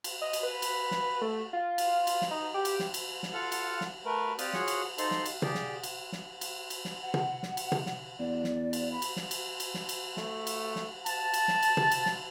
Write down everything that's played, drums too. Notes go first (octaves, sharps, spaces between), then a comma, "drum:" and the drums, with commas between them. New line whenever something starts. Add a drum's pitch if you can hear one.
drum: cymbal
D#5
drum: cymbal
B4
drum: cymbal
drum: snare
A3
F4
drum: cymbal
drum: cymbal
drum: snare
D#4
G4
drum: cymbal
drum: snare
drum: cymbal
drum: snare
F4 A4 F5 F#5
drum: cymbal
drum: snare
A3 A#4 B4
C4 G4 D5 F5 D#6 F#6, drum: cymbal
F4 F#4 G#4 C#5 F#5, drum: snare
drum: cymbal
D#4 A4 C5 C6, drum: cymbal
drum: snare
drum: cymbal
G4 G#4 D5, drum: tom
drum: snare
drum: cymbal
drum: snare
drum: cymbal
drum: cymbal
drum: snare
F#5
drum: tom
drum: snare
drum: cymbal
drum: tom
drum: snare
E2 D5
drum: snare
drum: cymbal
B5
drum: cymbal
drum: snare
drum: cymbal
drum: cymbal
drum: snare
drum: cymbal
A3, drum: snare
drum: cymbal
drum: snare
A5, drum: cymbal
drum: cymbal
drum: snare
drum: cymbal
drum: tom
drum: cymbal
drum: snare